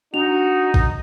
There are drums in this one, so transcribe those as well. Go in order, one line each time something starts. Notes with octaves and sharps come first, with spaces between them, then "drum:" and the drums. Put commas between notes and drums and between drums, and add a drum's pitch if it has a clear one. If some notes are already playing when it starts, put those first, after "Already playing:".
D4 D#4 F#4 F7
drum: kick